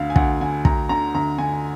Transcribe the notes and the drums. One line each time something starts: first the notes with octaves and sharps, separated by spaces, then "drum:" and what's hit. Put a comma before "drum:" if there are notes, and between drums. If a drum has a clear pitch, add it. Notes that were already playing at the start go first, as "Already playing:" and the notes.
Already playing: D2 D3 F5
G#5
D2 F#5, drum: kick
D3 G#5
D2 A#5, drum: kick
D3 A#5
D2 A#5
D3 G#5